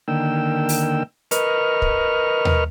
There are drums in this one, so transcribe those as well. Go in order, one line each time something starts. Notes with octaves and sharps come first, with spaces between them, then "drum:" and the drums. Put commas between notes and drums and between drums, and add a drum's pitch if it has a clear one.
D3 D#3 A#3 G5 E6
drum: open hi-hat
A#4 B4 D#5 C#6 F6, drum: hi-hat
drum: kick
drum: tom D#2